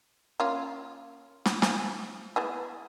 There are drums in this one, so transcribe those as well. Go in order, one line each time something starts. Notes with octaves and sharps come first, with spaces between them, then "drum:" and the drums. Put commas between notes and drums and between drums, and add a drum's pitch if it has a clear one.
A#3 C#4 F4
drum: snare
F3 G#5, drum: snare
B3 E4 G#4